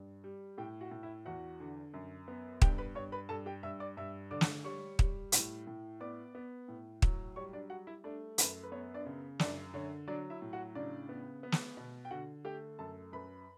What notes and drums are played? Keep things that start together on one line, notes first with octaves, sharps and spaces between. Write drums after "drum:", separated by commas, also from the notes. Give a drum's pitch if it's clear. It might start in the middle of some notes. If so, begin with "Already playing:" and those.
Already playing: G2
G3
A2 G4 G5
F#4 F#5
A2
E4 E5
E2 F#4 F#5
D3
F#2
B3
G2 G4 G5, drum: kick
B4 B5
G2 C#5 C#6
B4 B5
G2 A4 A5
G4 G5
G2 E5 E6
D5 D6
G2 E5 E6
D3 D5 D6
drum: snare
G3 C#5 C#6
G3, drum: kick
A2, drum: hi-hat
A2
B3 D5 D6
B3
A2
F#3, drum: kick
G3 C#5 C#6
D4 D5
G3 F#4 F#5
E4 E5
A3 D4 D5
F#2 B4, drum: hi-hat
B4
B3 C#5
D4 D5
C#3
F#2 D4 D5, drum: snare
D3 C#5
F#3 D4 D5
E4 E5
A2
F#4 F#5
C#3 D4 D5
B3
B3
drum: snare
B2
G5
D3 F#4 F#5
A3 G4 G5
F#2 A4 A5
F#2 B4 B5